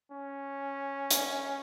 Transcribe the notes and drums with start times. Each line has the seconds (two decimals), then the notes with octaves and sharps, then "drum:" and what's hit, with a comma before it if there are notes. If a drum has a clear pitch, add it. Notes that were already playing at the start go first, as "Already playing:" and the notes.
0.12 C#4
1.11 drum: hi-hat